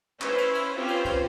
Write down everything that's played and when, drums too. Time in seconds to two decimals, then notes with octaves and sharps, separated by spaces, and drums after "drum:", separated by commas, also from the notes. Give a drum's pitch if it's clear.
0.21 C#4 E4 B4 C5, drum: clap
0.38 drum: cymbal
0.55 drum: cymbal
0.75 C4 C#4 F4 G4 B4 C5
0.88 drum: cymbal
1.05 drum: kick, cymbal